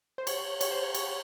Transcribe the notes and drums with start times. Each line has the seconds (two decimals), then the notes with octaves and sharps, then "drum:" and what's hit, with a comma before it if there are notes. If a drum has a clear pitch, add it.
0.18 C5
0.27 C#5, drum: cymbal
0.61 C#5, drum: cymbal
0.71 C5
0.83 C#5
0.94 C#5, drum: cymbal